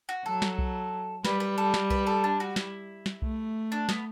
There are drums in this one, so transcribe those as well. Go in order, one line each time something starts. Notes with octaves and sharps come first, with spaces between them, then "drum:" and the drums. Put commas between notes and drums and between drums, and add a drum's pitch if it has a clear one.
F#4
F#3 A4
drum: snare
drum: kick B1
G3 B4, drum: snare
B4
A4
drum: snare
B4, drum: kick B1
A4
D4
F#4
E4, drum: snare
drum: snare
A3, drum: kick B1
D4
B3, drum: snare